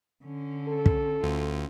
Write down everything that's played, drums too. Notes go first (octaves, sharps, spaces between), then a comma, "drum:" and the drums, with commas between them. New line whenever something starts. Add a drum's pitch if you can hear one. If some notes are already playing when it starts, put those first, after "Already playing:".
D3 C#4
A4
drum: kick
D2 C#4 F4